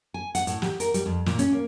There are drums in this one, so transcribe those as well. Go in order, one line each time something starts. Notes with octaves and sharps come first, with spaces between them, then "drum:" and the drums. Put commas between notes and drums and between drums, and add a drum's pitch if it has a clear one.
G#5
F#5, drum: hi-hat
A2, drum: hi-hat
G4, drum: snare
A#4, drum: hi-hat
G3, drum: hi-hat
F2
A#2, drum: snare
C#4, drum: hi-hat
A#3